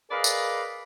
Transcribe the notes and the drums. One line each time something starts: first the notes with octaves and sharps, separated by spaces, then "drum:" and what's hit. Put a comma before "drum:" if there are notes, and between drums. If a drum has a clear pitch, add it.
G#4 A#4 B4 D5 D#5 F5
drum: tambourine